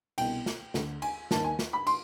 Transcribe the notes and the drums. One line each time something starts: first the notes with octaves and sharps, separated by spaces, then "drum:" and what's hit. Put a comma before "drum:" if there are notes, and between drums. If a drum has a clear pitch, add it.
C2 B2 G5, drum: cymbal
drum: snare
D2 D3, drum: snare
G#5, drum: cymbal
D#2 D#3 A5, drum: snare
G#5
drum: snare
B5
C6, drum: cymbal